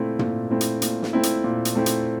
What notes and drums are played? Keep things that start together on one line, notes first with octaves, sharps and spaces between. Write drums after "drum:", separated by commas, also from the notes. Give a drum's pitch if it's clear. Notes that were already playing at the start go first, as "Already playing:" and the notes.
Already playing: A#2 A3 C4 E4
A#2, drum: tom
A3 C4 E4
drum: hi-hat
A#2, drum: hi-hat
drum: snare
A3 C4 E4
drum: hi-hat
A#2
drum: hi-hat
A3 C4 E4
drum: hi-hat